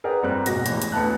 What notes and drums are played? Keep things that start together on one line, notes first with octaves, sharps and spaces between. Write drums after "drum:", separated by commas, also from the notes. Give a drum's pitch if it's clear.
G#4 A#4 B4 D5 F#5 G5
G1 G3 C4 A#5 F#6
F#1 G#2 B2 F#4 A#6, drum: hi-hat
A1 E2, drum: hi-hat
drum: hi-hat
D2 B3 B4 A5 F#6